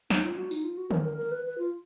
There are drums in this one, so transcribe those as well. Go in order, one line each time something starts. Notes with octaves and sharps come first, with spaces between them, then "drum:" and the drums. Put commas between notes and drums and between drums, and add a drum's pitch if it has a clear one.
D#4, drum: snare
F4
F#4
D#4, drum: tambourine
F4
F#4
A#4, drum: tom D3
A#4
A#4
B4
B4
F4